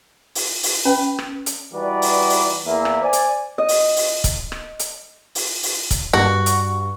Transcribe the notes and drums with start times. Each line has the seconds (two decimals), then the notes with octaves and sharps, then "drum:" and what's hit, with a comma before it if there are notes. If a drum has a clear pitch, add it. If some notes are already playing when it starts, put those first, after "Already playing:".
0.35 drum: open hi-hat
0.63 drum: open hi-hat
0.85 C#4 B4 G5
1.19 drum: rim click
1.46 drum: hi-hat
1.74 E3 G3 D#4 F#4 B4 D5
2.02 drum: open hi-hat
2.30 drum: open hi-hat
2.66 E2 A#3 E5
2.85 drum: rim click
3.02 C5 D5 G#5
3.13 drum: hi-hat
3.58 D#5
3.68 drum: open hi-hat
3.96 drum: open hi-hat
4.24 drum: kick, hi-hat
4.52 drum: rim click
4.80 drum: hi-hat
5.35 drum: open hi-hat
5.63 drum: open hi-hat
5.91 drum: kick, hi-hat
6.13 G2 F#4
6.46 drum: hi-hat